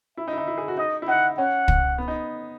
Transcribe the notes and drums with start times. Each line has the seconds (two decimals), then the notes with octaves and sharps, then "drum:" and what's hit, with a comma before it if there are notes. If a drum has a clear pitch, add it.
0.17 E4 E5
0.28 D#4
0.33 E4
0.38 D#4
0.47 E4
0.58 G#4
0.68 F#4
0.77 D#4 D#5
1.02 E4
1.08 D#4 F#5
1.37 C#4 F#5
1.68 drum: kick
1.98 B3
2.08 D#4